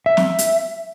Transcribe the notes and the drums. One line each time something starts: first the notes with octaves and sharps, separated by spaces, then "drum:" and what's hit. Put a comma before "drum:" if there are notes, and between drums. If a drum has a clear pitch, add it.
E5
drum: snare
drum: hi-hat